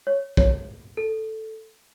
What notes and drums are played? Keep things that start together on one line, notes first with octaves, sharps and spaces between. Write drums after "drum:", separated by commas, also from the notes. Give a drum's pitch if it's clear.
C#5
C#5, drum: kick
A4